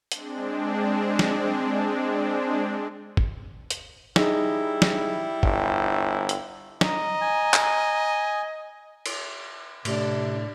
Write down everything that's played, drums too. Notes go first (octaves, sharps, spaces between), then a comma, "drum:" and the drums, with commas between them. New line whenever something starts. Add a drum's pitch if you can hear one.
G#3 C4 D4, drum: hi-hat
drum: snare
drum: kick
drum: hi-hat
G3 D#4 E4 G#4 D#5, drum: snare
drum: snare
G1 G5, drum: kick
drum: hi-hat
D#5 A#5, drum: snare
G#5
drum: clap
drum: cymbal
A2 C3 D4, drum: cymbal